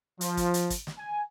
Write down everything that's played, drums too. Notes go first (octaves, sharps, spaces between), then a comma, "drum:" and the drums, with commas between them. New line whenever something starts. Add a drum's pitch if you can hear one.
F3, drum: hi-hat
drum: kick, hi-hat
drum: hi-hat
drum: kick, hi-hat
drum: snare
G#5